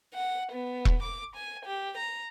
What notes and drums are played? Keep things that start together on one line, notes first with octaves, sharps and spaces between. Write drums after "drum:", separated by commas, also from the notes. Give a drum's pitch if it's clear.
F#5
B3
drum: kick E1
D6
G#5
G4
A#5